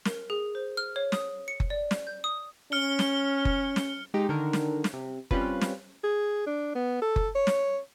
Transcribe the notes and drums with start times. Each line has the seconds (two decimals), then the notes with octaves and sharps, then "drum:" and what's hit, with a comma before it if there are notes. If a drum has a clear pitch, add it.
0.05 A#4, drum: snare
0.30 G#4
0.55 C5
0.77 F6
0.96 C#5
1.12 D#6, drum: snare
1.48 C#7
1.60 drum: kick F#1
1.70 D5
1.91 drum: snare
2.07 G6
2.24 D#6
2.72 C#4 F6 C#7 G7
2.99 drum: snare
3.45 drum: kick F#1
3.76 drum: snare
4.14 G#3 D#4 G4
4.29 D3 D#3 A#4
4.53 drum: snare
4.84 drum: snare
4.93 C3
5.31 G3 C4 C#4 F4 B4, drum: kick F#1
5.61 drum: snare
6.04 G#4
6.47 D4
6.75 B3
7.02 A4
7.16 drum: kick F#1
7.35 C#5
7.47 drum: snare